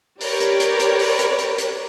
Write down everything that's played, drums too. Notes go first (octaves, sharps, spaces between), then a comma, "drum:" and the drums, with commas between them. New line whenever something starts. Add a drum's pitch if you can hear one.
G4 A#4 B4 C#5 D5, drum: open hi-hat
drum: hi-hat
drum: hi-hat
drum: hi-hat
drum: open hi-hat
drum: hi-hat
drum: hi-hat
drum: hi-hat